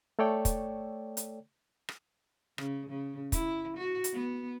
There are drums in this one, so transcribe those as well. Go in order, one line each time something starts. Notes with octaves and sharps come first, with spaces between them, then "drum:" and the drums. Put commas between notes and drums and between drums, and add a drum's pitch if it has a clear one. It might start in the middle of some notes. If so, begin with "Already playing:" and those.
A3 A4 C#5 D5 G5
drum: kick, hi-hat
drum: hi-hat
drum: rim click
C#3, drum: rim click
C#3
E4, drum: kick, hi-hat
F#4
drum: hi-hat
B3